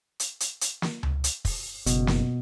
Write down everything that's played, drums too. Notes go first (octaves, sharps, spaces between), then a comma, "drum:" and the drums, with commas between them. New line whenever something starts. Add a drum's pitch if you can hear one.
drum: hi-hat
drum: hi-hat
drum: hi-hat
drum: snare
drum: tom C#2
drum: hi-hat
drum: kick, open hi-hat
F#1 B2, drum: hi-hat
drum: snare